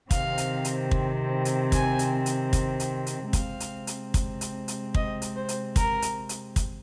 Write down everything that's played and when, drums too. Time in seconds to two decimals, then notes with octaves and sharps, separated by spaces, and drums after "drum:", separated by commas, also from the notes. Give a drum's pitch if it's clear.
0.11 C3 D#3 C4 F5, drum: kick, hi-hat
0.38 drum: hi-hat
0.65 drum: hi-hat
0.91 drum: kick
1.45 drum: hi-hat
1.72 G#5, drum: kick, hi-hat
1.99 drum: hi-hat
2.26 drum: hi-hat
2.53 drum: kick, hi-hat
2.80 drum: hi-hat
3.07 drum: hi-hat
3.33 C3 G#3 C4 F5, drum: kick, hi-hat
3.60 drum: hi-hat
3.87 drum: hi-hat
4.14 drum: kick, hi-hat
4.41 drum: hi-hat
4.68 drum: hi-hat
4.94 D#5, drum: kick
5.22 drum: hi-hat
5.36 C5
5.49 drum: hi-hat
5.76 A#4, drum: kick, hi-hat
6.02 drum: hi-hat
6.29 drum: hi-hat
6.56 drum: kick, hi-hat